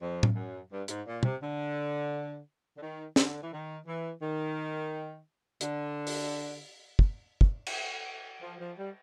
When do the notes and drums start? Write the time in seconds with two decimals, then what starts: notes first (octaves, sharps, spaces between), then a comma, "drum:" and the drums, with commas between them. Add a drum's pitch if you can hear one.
0.01 F2
0.23 drum: tom
0.35 F#2
0.70 G2
0.88 G#2, drum: hi-hat
1.06 A#2
1.23 C3, drum: tom
1.41 D3
2.76 D3
2.81 D#3
3.16 D3, drum: snare
3.42 E3
3.51 D#3
3.86 E3
4.21 D#3
5.61 D3, drum: hi-hat
6.07 drum: open hi-hat
6.99 drum: kick
7.41 drum: kick
7.66 drum: cymbal
8.41 F3
8.59 F3
8.77 G3